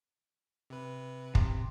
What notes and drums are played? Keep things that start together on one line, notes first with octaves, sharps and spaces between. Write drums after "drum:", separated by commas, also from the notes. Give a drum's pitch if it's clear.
C3 B4
C3, drum: kick